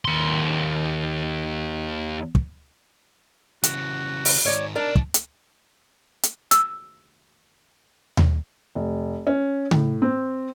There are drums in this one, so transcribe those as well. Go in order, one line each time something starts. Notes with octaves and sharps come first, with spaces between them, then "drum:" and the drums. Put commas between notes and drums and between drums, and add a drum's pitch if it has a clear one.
D#2 C6
drum: kick
C#3 E3 F#4, drum: hi-hat
drum: open hi-hat
G#2 D#3 C#5 D5
D4 D#4 A#4 D5 A5
drum: kick
drum: hi-hat
drum: hi-hat
E6, drum: hi-hat
drum: tom D#2
F1
C#4
A2, drum: tom C#3
C4